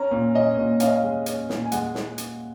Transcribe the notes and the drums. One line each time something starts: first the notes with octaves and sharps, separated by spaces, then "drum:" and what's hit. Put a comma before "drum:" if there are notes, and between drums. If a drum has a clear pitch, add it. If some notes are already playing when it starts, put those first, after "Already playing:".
Already playing: C#4 A#5
A#2
C#4 D#5
A#2
C#4 F5, drum: hi-hat
D#5
F5
G#3
C#4, drum: hi-hat
A#2, drum: snare
G#5
G#3 F#5, drum: hi-hat
drum: snare
drum: hi-hat